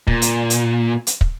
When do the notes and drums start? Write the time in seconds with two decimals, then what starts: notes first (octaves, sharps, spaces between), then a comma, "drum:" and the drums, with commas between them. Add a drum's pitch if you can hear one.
0.07 A#2, drum: kick
0.22 drum: hi-hat
0.50 drum: hi-hat
1.07 drum: hi-hat
1.21 drum: kick